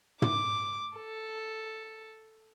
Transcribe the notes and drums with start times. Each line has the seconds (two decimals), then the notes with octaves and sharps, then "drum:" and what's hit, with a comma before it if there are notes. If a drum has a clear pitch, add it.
0.22 D6, drum: tom
0.96 A4